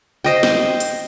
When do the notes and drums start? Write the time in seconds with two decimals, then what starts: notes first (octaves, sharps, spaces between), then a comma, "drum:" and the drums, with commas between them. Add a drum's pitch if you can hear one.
0.24 C5 D#5 G5
0.43 drum: snare
0.80 drum: hi-hat